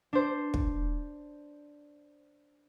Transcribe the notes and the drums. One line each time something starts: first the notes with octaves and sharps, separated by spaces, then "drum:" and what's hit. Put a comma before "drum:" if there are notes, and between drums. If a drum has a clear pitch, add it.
D4 C5
drum: kick